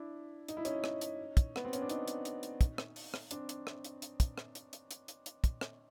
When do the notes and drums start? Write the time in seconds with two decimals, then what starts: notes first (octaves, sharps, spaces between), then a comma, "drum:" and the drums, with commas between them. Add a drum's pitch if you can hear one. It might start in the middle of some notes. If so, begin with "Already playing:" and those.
Already playing: D4 E4
0.48 D#4, drum: hi-hat
0.57 E4
0.65 C#4 D#4, drum: hi-hat
0.84 drum: rim click
1.01 drum: hi-hat
1.37 drum: kick, hi-hat
1.56 B3, drum: rim click
1.65 C4
1.73 C#4, drum: hi-hat
1.82 D4
1.89 C#4 D#4, drum: hi-hat
2.08 drum: hi-hat
2.25 drum: hi-hat
2.43 drum: hi-hat
2.61 drum: kick, hi-hat
2.78 drum: rim click
2.96 drum: open hi-hat
3.14 drum: rim click
3.31 C4 D4, drum: hi-hat
3.49 drum: hi-hat
3.67 drum: rim click
3.84 drum: hi-hat
4.02 drum: hi-hat
4.20 drum: kick, hi-hat
4.38 drum: rim click
4.55 drum: hi-hat
4.73 drum: hi-hat
4.91 drum: hi-hat
5.08 drum: hi-hat
5.26 drum: hi-hat
5.44 drum: kick, hi-hat
5.61 drum: rim click